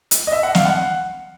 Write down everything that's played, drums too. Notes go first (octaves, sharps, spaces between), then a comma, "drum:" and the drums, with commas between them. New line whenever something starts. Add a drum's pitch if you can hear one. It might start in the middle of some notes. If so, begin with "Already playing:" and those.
drum: hi-hat
D#5
E5
F#5
F5, drum: snare
F#5